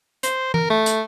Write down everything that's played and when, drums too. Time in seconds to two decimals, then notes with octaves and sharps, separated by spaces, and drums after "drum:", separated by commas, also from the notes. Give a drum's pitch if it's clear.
0.23 C5, drum: hi-hat
0.54 A#4, drum: tom E3
0.70 A3
0.86 drum: hi-hat